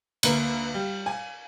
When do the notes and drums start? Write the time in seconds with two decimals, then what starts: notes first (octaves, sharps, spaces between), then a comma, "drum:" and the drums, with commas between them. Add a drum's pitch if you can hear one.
0.23 D2 A#3 B4, drum: cymbal
0.74 G3
1.06 G#5